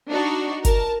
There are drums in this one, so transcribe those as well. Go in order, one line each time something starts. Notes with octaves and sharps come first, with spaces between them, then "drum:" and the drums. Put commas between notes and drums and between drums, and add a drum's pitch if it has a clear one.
D4 D#4 F#4
A#4 A5, drum: kick G1, hi-hat